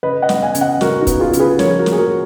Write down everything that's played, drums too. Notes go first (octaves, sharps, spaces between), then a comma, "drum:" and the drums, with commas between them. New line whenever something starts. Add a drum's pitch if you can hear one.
C#3 B4 D#5
D#5 F#5
B3, drum: snare
F5 G#5
C#3, drum: hi-hat
D#5 F#5
C#3 F#4 A#4, drum: snare
D#4 F#4
B3, drum: kick, hi-hat
F4 G#4
C#3, drum: hi-hat
G#4 B4
F3 A#4 C#5, drum: snare
F#4 A#4
A#3, drum: snare
G#4
F#4 A#4